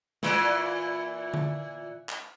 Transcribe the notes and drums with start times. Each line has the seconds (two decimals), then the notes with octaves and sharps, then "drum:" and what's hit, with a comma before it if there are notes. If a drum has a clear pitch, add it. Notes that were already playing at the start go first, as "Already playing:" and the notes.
0.23 A#2 E3, drum: snare
1.34 drum: tom D3
2.09 drum: clap